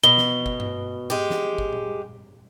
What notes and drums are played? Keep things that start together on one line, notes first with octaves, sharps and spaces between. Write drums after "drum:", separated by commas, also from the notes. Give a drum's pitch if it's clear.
B2 G7
drum: snare
drum: kick
drum: tom G2
G#3 G4
drum: snare
drum: kick
drum: tom A#2